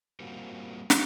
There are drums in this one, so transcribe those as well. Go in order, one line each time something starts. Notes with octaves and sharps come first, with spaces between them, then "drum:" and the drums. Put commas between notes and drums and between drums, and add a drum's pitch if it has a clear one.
G3 A#3 C4 F4 F#4
drum: snare